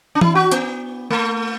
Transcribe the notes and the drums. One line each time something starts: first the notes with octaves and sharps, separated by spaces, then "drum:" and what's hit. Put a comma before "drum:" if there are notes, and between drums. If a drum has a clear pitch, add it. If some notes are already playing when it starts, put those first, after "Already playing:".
D4
E4, drum: tom E3
F#4
B3, drum: hi-hat
A3